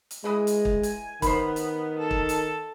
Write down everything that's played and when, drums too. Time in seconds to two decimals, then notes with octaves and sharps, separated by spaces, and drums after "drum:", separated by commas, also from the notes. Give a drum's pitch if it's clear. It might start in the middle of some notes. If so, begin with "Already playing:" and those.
0.11 drum: hi-hat
0.24 E3 G#3 B4 D#5
0.47 drum: hi-hat
0.65 drum: kick
0.83 G#5, drum: hi-hat
1.22 D#3 B3 C5 B5, drum: kick, hi-hat
1.56 drum: hi-hat
1.99 A4
2.11 drum: kick
2.29 drum: hi-hat